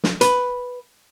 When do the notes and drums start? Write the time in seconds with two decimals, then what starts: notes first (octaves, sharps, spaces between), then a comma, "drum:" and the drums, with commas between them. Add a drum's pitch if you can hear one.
0.04 drum: snare
0.21 B4, drum: hi-hat